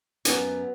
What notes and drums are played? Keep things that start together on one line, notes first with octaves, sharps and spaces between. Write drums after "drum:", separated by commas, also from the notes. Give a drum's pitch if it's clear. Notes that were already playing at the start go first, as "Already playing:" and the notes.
F#2 F#3 B3, drum: hi-hat